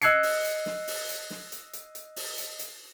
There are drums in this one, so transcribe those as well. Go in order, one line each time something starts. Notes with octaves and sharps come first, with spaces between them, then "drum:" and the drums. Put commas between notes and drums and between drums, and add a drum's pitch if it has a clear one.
D#5 E6 F#6 G#6 C7 C#7, drum: hi-hat
drum: open hi-hat
drum: hi-hat
drum: snare
drum: open hi-hat
drum: hi-hat
drum: snare
drum: hi-hat
drum: hi-hat
drum: hi-hat
drum: open hi-hat
drum: hi-hat
drum: hi-hat